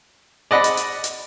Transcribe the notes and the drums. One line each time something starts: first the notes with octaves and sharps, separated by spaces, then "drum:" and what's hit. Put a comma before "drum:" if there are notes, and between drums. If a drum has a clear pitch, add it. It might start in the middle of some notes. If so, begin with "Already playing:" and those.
D5 D#5 F#5 B5
drum: hi-hat
drum: hi-hat
drum: hi-hat